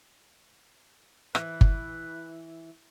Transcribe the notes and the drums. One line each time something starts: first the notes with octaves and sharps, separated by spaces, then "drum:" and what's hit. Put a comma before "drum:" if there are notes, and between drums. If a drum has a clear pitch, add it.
E3 B4, drum: rim click
drum: kick G1